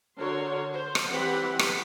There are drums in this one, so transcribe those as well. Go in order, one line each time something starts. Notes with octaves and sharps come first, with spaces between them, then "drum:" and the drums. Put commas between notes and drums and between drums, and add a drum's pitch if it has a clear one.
D3 F#4 A#4 C#5 C6
C5
drum: rim click
E3 G3 C4 G4 F#5 B5
drum: rim click